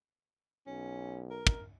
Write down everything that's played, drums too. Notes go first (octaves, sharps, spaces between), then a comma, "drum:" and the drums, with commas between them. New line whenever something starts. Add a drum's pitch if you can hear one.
B1 C#4
A#4
drum: kick